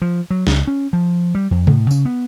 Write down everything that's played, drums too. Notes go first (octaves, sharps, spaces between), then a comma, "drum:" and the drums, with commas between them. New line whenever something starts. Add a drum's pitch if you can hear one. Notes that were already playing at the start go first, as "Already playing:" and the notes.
F3
F#3
C#2, drum: snare
C#4
F3
G3
F2
A2, drum: tom C3
C#3, drum: tambourine
B3